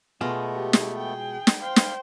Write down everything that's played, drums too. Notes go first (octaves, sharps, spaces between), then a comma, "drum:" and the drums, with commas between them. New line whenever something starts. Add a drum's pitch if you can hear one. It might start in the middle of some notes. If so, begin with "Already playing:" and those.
B2 G#3 A3 B3 F4
G4
drum: snare
G#4 G5
drum: snare
C5 F5 G5
drum: snare